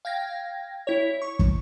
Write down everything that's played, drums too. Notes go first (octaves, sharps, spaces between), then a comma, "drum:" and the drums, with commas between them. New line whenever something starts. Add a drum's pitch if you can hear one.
F5 G5 G#6 A#6
E4 C#5
C#6
drum: kick